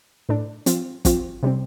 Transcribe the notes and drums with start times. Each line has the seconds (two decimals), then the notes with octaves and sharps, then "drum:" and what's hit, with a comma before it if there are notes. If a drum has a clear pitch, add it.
0.29 A2 A3 D4
0.66 F3 C4 F4, drum: hi-hat
1.05 F3 C4 F4, drum: kick, hi-hat
1.43 C3 G3 C4